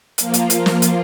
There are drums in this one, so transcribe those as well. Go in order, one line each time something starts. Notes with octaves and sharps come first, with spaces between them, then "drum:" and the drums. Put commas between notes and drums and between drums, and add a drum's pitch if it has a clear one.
F3 A#3 F4, drum: hi-hat
drum: hi-hat
drum: hi-hat
drum: snare
drum: hi-hat